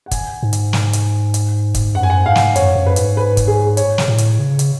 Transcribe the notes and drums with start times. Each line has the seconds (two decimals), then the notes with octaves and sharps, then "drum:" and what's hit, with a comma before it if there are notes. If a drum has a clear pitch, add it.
0.06 F#5
0.11 G#5, drum: kick, hi-hat
0.43 G#2
0.53 drum: hi-hat
0.73 drum: snare
0.93 drum: hi-hat
1.34 drum: hi-hat
1.75 drum: kick, hi-hat
1.95 F#2 F#5
2.03 G#5
2.10 F#5
2.25 G#2 F5
2.35 drum: snare
2.56 F#2 C#5, drum: hi-hat
2.76 F#2
2.86 B4
2.96 G#2, drum: hi-hat
3.17 B4
3.37 drum: kick, hi-hat
3.48 G#4
3.77 C#5, drum: hi-hat
3.98 drum: snare
4.08 A2
4.18 drum: hi-hat
4.39 C#3
4.59 drum: hi-hat